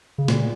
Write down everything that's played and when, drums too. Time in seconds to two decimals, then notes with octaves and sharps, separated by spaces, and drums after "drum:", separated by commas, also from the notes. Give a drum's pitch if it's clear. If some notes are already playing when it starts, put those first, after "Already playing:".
0.18 C#3
0.28 A#2, drum: snare